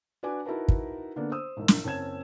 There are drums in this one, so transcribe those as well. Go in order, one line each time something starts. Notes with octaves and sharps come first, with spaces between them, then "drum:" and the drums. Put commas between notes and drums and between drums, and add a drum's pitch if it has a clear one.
D4 F#4 B4 G#5 D6
D#4 E4 F#4 A#4 B4 A5
drum: kick
D3 A#3 B3 D4
C5 D#6 E6
E1 G#2
drum: snare
F#1 C4 C#4 A5 G#6 E7